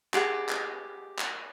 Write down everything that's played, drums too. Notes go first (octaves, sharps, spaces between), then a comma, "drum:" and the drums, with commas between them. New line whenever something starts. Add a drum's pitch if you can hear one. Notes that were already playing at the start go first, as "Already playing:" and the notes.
G4 G#4 F#5, drum: clap
drum: clap
drum: clap